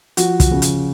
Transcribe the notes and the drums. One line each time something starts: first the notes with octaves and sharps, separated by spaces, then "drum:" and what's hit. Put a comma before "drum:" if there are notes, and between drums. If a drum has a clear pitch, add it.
F3 F#4, drum: hi-hat
drum: kick, hi-hat
C#3
drum: hi-hat